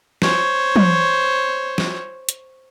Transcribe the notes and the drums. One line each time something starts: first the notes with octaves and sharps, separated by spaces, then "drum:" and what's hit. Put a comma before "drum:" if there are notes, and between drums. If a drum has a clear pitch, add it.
C5 C#5, drum: snare
drum: tom
drum: snare
drum: hi-hat